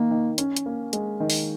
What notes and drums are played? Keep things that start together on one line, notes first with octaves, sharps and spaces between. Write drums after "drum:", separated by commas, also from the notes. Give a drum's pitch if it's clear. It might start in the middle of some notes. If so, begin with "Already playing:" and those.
Already playing: D#3 A#3
D#3
C#4, drum: hi-hat
drum: hi-hat
A#3
G#3, drum: hi-hat
D#3
drum: open hi-hat